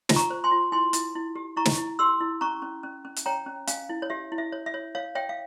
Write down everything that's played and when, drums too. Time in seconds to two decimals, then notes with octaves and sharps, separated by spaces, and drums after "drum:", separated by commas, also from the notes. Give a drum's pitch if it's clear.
0.09 F4, drum: snare
0.16 A#5 C#6
0.30 C5
0.44 G#5 C6
0.51 F4
0.72 E4 G#5 C6
0.93 E4, drum: hi-hat
1.15 E4
1.35 G4
1.56 E4 A#5 C#6
1.65 drum: snare
1.78 E4
1.99 G4 C6 E6
2.21 E4
2.41 C#4 A#5 C#6
2.62 C#4
2.83 C#4
3.05 C#4
3.16 drum: hi-hat
3.26 C#5 G5 A#5
3.46 C#4
3.67 C#4 F5 G#5, drum: hi-hat
3.89 E4
4.02 C#5
4.10 G4 E5
4.32 E4
4.38 E5
4.52 C#5
4.66 E5
4.74 C#5
4.95 C#5 F5
5.15 C#5 E5 G5
5.29 F5